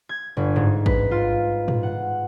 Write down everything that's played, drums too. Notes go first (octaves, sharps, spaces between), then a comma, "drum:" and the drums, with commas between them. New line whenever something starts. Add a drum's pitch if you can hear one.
G#6
G1
G#2
B4, drum: kick A1
F4
drum: tom
F#5